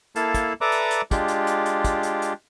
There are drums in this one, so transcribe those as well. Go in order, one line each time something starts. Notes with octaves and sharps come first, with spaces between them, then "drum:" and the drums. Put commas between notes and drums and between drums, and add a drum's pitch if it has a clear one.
A#3 E4 A4 F5 A5, drum: hi-hat
drum: kick, hi-hat
A4 B4 D5 E5 A#5 D6
drum: hi-hat
drum: hi-hat
G#3 D4 F4 G4, drum: kick, hi-hat
drum: hi-hat
drum: hi-hat
drum: hi-hat
drum: kick, hi-hat
drum: hi-hat
drum: hi-hat